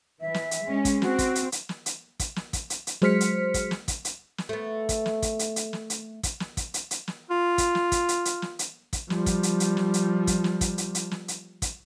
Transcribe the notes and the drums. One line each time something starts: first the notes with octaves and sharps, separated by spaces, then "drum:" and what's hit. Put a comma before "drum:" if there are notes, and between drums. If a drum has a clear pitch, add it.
E3 E5
drum: snare
drum: hi-hat
G#3 C#4
drum: kick, hi-hat
C4 F#4, drum: snare
drum: kick, hi-hat
drum: hi-hat
drum: hi-hat
drum: snare
drum: hi-hat
drum: kick, hi-hat
drum: snare
drum: kick, hi-hat
drum: hi-hat
drum: hi-hat
F#3 G#3 C5 F6 B6 C#7, drum: snare
drum: hi-hat
drum: kick, hi-hat
drum: snare
drum: kick, hi-hat
drum: hi-hat
drum: snare
A3 B3
drum: kick, hi-hat
drum: snare
drum: kick, hi-hat
drum: hi-hat
drum: hi-hat
drum: snare
drum: hi-hat
drum: kick, hi-hat
drum: snare
drum: kick, hi-hat
drum: hi-hat
drum: hi-hat
drum: snare
F4
drum: kick, hi-hat
drum: snare
drum: kick, hi-hat
drum: hi-hat
drum: hi-hat
drum: snare
drum: hi-hat
drum: kick, hi-hat
F3 G3, drum: snare
drum: kick, hi-hat
drum: hi-hat
drum: hi-hat
drum: snare
drum: hi-hat
drum: kick, hi-hat
drum: snare
drum: kick, hi-hat
drum: hi-hat
drum: hi-hat
drum: snare
drum: hi-hat
drum: kick, hi-hat